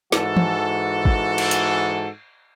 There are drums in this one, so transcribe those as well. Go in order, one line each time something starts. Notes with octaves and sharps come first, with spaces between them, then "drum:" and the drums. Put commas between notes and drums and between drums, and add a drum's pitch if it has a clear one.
G#2 E3 F#4 A4, drum: snare
drum: tom E3
drum: kick
drum: cymbal
drum: hi-hat